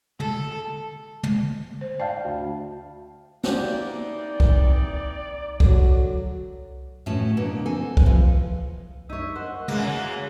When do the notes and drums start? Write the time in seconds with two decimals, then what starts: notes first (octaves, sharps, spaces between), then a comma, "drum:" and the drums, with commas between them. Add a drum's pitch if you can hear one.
0.20 A4, drum: tom
1.23 drum: tom
1.81 C5
2.00 D5 F5 G5 A5
2.24 D2
3.44 E3 A#3 C4 D#4 G4 D5 F#5, drum: snare
4.40 drum: kick C2
5.60 D3 F#3, drum: kick C2
7.06 E2 A2 F#3 C#4 A5
7.37 B2 D3 A#3 B3
7.66 C4 A4 G#5
7.97 drum: kick C2
8.06 E3 F3
9.09 D#4 C#5 E5
9.36 A#4 C5 D#5 F#5 C#6
9.68 F#2 E3 A#3 G#4 F#5, drum: tom